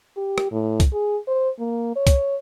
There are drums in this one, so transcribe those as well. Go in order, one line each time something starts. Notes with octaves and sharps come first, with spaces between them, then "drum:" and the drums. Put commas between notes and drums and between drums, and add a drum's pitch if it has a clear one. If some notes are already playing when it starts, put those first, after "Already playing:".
G4
drum: rim click
A2
drum: kick C2, hi-hat
G#4
C5
A#3
C#5
drum: kick C2, hi-hat